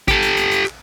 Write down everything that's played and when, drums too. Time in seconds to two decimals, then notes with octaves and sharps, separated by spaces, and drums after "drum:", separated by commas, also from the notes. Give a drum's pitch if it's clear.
0.08 G4 A4, drum: kick G#1, hi-hat
0.22 drum: hi-hat
0.37 drum: hi-hat
0.51 drum: hi-hat
0.66 drum: clap